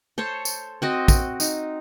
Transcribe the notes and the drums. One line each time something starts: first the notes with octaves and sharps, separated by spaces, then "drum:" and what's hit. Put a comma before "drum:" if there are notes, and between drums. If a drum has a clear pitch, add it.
A4 C5 C#5
drum: tambourine
C4 F#4 D#5
drum: kick, tambourine
D#4, drum: tambourine